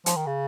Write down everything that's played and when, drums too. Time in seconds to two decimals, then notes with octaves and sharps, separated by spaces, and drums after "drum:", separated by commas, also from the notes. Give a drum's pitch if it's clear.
0.06 F3, drum: hi-hat
0.16 D#3
0.26 C#3